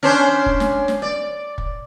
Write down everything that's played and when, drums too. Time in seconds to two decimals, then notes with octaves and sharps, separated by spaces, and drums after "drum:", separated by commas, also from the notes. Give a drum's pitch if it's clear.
0.03 C#4 D4 C5
0.46 drum: kick
0.60 drum: snare
0.88 drum: snare
1.02 D5
1.58 drum: kick